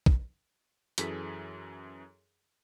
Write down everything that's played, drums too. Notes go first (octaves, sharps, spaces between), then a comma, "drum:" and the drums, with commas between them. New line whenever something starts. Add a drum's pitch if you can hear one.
drum: kick
F#2 E3 G#4 A4 B6, drum: hi-hat